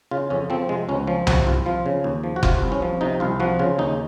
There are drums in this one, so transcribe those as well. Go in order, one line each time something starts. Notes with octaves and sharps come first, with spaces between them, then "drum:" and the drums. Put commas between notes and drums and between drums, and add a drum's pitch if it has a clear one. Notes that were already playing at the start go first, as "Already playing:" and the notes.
C#3 F4
F2 C#4
F3 C4
C3 G#3
C#2 C#4
F3 C#4
C3 F#4, drum: tom C2
C2 F4
F3 F4
C#3
D#2
F3
F#4
C3 F4, drum: kick F#1
C2
C#4
F3
C3 D#4
C2 F4
F3 F#4
C#3 F4
D#2 D#4